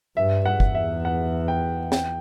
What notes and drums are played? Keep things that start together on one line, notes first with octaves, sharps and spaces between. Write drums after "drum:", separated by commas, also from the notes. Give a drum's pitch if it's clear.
G2 E5
F#5
E2, drum: kick
E5
F#5
G5
G5, drum: snare